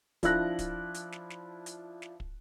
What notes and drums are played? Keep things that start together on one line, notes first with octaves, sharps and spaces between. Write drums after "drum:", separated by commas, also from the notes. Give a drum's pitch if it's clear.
F3 D4 E4 F4 F#6 A#6, drum: kick, hi-hat
drum: kick, hi-hat
drum: hi-hat
drum: snare
drum: snare
drum: hi-hat
drum: snare
drum: kick